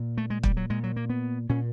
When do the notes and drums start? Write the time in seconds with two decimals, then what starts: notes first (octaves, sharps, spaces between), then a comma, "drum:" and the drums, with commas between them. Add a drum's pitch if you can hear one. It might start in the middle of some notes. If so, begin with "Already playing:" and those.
Already playing: A#2
0.18 A3
0.30 G#3
0.43 G3, drum: kick
0.57 F#3
0.70 A#2 G#3
0.84 F#3
0.96 A#3
1.10 B3
1.49 A#2 C#4